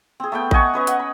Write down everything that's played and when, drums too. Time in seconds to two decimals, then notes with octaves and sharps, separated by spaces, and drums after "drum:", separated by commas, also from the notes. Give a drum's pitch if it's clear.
0.20 C4 G#4
0.32 A3 B3 G5
0.51 D#5 F#5 G#5 C#6, drum: kick A1
0.74 C#4 B4 D#5
0.87 F#5, drum: hi-hat
1.00 B5